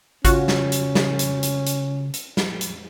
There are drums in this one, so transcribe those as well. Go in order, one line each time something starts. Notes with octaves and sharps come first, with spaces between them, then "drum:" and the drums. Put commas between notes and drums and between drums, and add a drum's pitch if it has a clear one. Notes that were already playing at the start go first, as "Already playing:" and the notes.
C#3 C#4 F4 F#4, drum: kick G#1, hi-hat
drum: snare
drum: hi-hat
drum: snare
drum: hi-hat
drum: hi-hat
drum: hi-hat
drum: hi-hat
drum: snare
drum: hi-hat